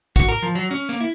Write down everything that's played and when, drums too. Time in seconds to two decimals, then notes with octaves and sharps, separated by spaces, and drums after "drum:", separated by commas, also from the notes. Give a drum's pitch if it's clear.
0.16 F#4, drum: kick, hi-hat
0.29 A#4
0.43 F3
0.55 F#3
0.71 C#4
0.89 A#3, drum: hi-hat
1.01 E4